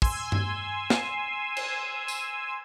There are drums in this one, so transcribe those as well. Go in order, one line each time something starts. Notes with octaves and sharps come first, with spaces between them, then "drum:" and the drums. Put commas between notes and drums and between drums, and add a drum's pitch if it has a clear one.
G#5 C6 E6 G#6, drum: kick
drum: tom G2
drum: snare
drum: cymbal
drum: tambourine